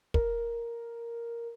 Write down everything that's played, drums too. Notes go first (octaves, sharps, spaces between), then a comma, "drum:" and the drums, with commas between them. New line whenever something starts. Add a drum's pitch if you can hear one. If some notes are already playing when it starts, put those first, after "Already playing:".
A#4, drum: kick